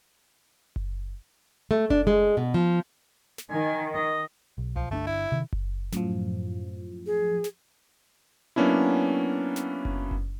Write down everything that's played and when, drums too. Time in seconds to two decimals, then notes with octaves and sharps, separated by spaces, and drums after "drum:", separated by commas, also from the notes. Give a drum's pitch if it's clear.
0.76 drum: kick F#1
1.71 A3
1.90 D4, drum: kick F#1
2.07 G#3
2.37 B2
2.54 F3
3.38 drum: snare
3.51 D#3 G#5
3.95 D#5
4.58 B1
4.76 F3, drum: tom C2
4.91 G1 A3 C4 D4
5.07 E4
5.32 C3 D#3
5.53 drum: kick F#1
5.93 F#2 A2 F3, drum: snare
7.06 G#4
7.44 drum: snare
8.56 F#3 A#3 B3 C#4 D4 E4
9.56 drum: snare
9.85 drum: kick F#1
10.11 drum: kick F#1